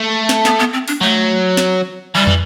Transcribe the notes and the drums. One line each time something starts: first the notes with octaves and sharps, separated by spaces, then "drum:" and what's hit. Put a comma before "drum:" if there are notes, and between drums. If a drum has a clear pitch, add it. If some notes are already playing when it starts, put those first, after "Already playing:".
Already playing: A3
drum: snare
B3, drum: snare
B3
C4
D4, drum: open hi-hat
F#3 A3
drum: snare
E3 G3
E3, drum: tom